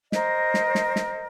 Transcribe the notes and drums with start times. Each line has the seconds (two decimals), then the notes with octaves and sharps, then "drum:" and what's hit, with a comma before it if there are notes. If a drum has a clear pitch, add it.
0.12 A#4 C5 D#5, drum: snare
0.54 drum: snare
0.75 drum: snare
0.96 drum: snare